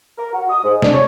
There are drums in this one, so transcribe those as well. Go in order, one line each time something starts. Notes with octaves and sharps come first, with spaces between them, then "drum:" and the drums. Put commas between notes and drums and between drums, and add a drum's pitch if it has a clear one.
A#4
F#4
D#6
G#2
D4, drum: snare
C#5